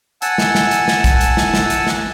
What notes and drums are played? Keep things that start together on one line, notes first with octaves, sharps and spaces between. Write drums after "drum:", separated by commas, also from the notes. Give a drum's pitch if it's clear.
F#5 G#5 A5 E6, drum: hi-hat
drum: snare
drum: snare
drum: hi-hat
drum: snare
drum: kick, hi-hat
drum: hi-hat
drum: snare
drum: snare
drum: hi-hat
drum: snare